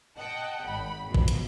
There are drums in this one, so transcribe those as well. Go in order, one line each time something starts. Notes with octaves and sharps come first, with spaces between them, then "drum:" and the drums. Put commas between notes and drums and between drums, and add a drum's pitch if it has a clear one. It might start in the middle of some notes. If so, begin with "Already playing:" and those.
D#5 F#5 G5 A5
G#1 B5
F#2 B2 F3
drum: kick
drum: hi-hat